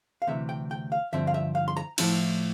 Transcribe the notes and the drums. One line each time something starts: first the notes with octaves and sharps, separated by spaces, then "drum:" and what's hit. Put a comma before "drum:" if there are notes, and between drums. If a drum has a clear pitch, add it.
F5
D2 C3 E3 E5
G5
G5
F5
G2 D3 F3 C4 E5
F5
E5
F5
C6
A#5
A2 F3 C4 E4, drum: cymbal